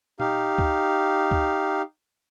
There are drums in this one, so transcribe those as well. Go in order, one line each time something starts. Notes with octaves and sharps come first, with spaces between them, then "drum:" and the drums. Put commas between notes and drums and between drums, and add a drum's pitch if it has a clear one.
D#4 G4 F5, drum: tom A#2
drum: kick C#2
drum: kick C#2